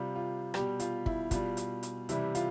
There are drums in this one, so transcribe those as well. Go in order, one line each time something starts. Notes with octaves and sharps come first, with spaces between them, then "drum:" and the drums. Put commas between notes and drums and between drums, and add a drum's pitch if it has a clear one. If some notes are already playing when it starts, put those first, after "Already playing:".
Already playing: C3 G3 F4
F4
B2 G3 G4, drum: rim click
F4, drum: hi-hat
E4, drum: kick
B2 G3 F4, drum: kick, hi-hat
drum: hi-hat
drum: hi-hat
C3 E3 G3 E4, drum: hi-hat
F4, drum: hi-hat